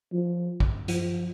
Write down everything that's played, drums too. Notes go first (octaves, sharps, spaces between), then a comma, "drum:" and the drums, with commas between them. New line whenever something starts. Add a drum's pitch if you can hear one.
F3
drum: kick
F3, drum: hi-hat